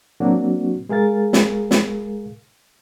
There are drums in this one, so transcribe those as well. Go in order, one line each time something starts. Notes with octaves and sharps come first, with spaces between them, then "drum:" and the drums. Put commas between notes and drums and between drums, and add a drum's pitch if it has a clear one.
F#3 A#3 C4 D4 F#4
G#3 G#4 A#4 F5 A6
drum: snare
drum: snare